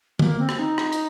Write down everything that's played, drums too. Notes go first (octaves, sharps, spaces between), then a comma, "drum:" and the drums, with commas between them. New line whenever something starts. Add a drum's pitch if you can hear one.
A#3, drum: tom D3
C4
drum: rim click
D#4
drum: rim click
drum: hi-hat